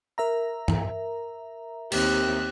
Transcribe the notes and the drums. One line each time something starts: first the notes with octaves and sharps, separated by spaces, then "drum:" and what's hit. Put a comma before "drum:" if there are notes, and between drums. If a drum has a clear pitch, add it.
A#4 E5 A#5
drum: tom G2
D#2 C4 G4 F#6, drum: cymbal